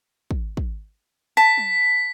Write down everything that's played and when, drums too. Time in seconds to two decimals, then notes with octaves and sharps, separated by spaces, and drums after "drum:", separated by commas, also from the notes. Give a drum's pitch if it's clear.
0.31 drum: kick
0.57 drum: kick
1.37 A5 B6
1.58 drum: tom